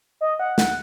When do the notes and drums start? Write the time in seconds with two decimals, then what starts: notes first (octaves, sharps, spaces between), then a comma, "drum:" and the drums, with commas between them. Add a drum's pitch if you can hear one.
0.21 D#5
0.39 F#5
0.58 F#5, drum: snare